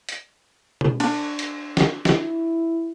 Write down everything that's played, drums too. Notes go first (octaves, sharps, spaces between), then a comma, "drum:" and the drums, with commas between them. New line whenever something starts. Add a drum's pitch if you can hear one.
drum: hi-hat
drum: tom B2
D4, drum: cymbal
drum: hi-hat
drum: snare
E4, drum: snare